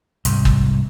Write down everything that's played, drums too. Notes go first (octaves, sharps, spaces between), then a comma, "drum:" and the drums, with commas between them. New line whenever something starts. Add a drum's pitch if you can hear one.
C2 G#2, drum: hi-hat
drum: kick